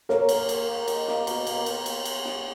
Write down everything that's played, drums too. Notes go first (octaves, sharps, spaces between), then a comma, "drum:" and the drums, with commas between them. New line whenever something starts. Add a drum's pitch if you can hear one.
A#3 A#4 C#5, drum: snare
G#4, drum: cymbal
G#4, drum: cymbal
A#3
D#4, drum: cymbal
A#3, drum: snare
B2, drum: cymbal
A#3, drum: cymbal
drum: cymbal
drum: cymbal
drum: cymbal
drum: snare